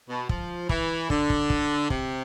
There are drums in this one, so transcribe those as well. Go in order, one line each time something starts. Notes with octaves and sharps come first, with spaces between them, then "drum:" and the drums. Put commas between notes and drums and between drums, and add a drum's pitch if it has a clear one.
B2
F3, drum: kick
E3, drum: kick
D3, drum: kick
drum: kick
drum: kick
C3, drum: kick